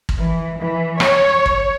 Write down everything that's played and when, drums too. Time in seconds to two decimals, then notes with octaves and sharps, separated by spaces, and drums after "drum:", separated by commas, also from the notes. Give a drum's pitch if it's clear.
0.09 drum: kick
0.19 E3
0.60 E3
1.00 C#5, drum: rim click
1.46 drum: kick